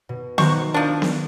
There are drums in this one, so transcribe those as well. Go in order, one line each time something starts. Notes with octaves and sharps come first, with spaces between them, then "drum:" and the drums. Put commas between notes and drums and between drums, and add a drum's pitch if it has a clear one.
B2
D#3 F#4 A#4 C5 C#6, drum: snare B3
F3 D4
drum: snare B3